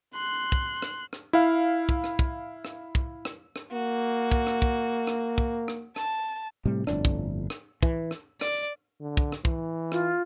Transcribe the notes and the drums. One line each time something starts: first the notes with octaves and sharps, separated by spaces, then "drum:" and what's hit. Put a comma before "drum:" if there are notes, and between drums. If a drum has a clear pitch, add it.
C6 F#6
drum: kick
drum: rim click
drum: rim click
E4 F5
drum: kick
drum: rim click
drum: kick
drum: rim click
drum: kick
drum: rim click
drum: rim click
A#3 F#4
drum: kick
drum: rim click
drum: kick
drum: rim click
drum: kick
drum: rim click
A5, drum: rim click
A2 C3 G3
G1 F2 A2 D4, drum: rim click
drum: kick
drum: rim click
E3, drum: kick
drum: rim click
D5, drum: rim click
D3
drum: kick
drum: rim click
E3, drum: kick
F4, drum: rim click